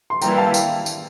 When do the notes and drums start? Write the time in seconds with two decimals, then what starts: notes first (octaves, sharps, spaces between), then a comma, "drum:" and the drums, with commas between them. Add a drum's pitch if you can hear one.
0.10 C6
0.22 E3 G3 A#3 E4 G5 A#5, drum: tambourine
0.33 G5
0.37 F5 A5
0.54 drum: tambourine
0.86 drum: tambourine